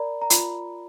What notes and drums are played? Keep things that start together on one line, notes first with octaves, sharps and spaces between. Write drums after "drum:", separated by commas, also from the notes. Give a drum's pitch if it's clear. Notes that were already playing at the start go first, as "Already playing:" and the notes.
Already playing: A#4 D5 A#5 B5
A#5
F4 B5, drum: hi-hat